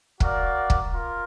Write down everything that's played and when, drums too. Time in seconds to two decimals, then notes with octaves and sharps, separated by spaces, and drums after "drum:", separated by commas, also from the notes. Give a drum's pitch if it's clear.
0.20 F#4 A#4 D5 F5, drum: kick
0.70 drum: kick
0.94 F4 A#4